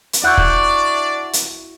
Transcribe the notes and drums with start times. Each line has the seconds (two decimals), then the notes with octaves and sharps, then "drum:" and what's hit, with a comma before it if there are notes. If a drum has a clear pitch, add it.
0.13 drum: hi-hat
0.24 D4 E4 F#4 D5 F#5 F#6 G6
0.38 drum: kick
1.33 drum: hi-hat